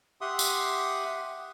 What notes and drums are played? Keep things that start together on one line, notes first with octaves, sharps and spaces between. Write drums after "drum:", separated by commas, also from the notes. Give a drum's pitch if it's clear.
G4 E5 F#5 C6 D#6
drum: tambourine